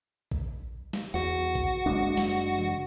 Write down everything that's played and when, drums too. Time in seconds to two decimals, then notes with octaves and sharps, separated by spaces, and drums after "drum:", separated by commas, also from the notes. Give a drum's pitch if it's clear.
0.31 drum: kick A#1
0.93 drum: snare
1.14 E2 F#4 F#5
1.55 drum: kick A#1
1.86 F#1 G#3 D4
2.17 drum: snare
2.59 drum: tom E3